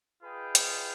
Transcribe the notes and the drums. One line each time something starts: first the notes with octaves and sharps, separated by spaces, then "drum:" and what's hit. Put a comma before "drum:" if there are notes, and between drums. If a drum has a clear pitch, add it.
F4 G#4 B4 D#5 G5
drum: hi-hat